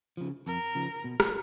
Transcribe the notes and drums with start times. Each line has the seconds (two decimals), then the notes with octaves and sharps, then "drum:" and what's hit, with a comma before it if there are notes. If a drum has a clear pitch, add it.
0.17 C#3 F3
0.47 F2 A#4
0.75 C#3 F3
1.04 B2
1.20 drum: rim click